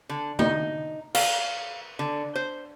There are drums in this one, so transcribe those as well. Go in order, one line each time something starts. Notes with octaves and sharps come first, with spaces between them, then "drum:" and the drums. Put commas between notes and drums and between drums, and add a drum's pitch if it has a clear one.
D3
D#4, drum: tom
F5, drum: cymbal
D3
C5